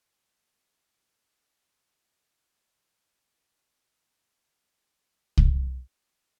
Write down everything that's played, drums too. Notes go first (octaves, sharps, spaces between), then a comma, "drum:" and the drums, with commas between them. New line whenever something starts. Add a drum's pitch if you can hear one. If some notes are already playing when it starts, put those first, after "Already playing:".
E6
D7
C5
D5
F4 G4
drum: kick C2